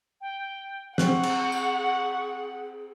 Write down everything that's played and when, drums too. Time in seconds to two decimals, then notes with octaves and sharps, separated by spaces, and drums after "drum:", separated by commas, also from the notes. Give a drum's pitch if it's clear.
0.21 G5
0.98 C4 G#4 F#5 C#6 F#6, drum: snare
1.23 drum: cymbal
1.52 drum: tambourine